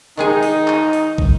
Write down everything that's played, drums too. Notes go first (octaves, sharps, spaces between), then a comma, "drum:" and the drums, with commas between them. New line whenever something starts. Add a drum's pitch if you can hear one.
D#3 G#3 D#4 G#4
drum: open hi-hat
drum: clap
drum: open hi-hat
drum: kick